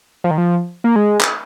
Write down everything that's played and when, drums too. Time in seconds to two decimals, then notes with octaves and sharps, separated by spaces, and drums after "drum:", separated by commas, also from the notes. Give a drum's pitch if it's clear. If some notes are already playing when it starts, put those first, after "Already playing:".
0.24 F3
0.31 D#3
0.38 F3
0.84 A#3
0.96 G#3
1.21 drum: clap